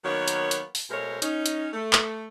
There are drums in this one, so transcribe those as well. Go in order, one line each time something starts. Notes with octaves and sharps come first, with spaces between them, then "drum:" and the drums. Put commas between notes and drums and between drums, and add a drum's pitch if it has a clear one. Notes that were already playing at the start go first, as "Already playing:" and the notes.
D#3 F#3 A#3 B3 C#5
drum: hi-hat
drum: hi-hat
drum: open hi-hat
B2 G#3 A3 A#4 C5 C#5
C#4 D#4, drum: hi-hat
drum: hi-hat
A3
drum: clap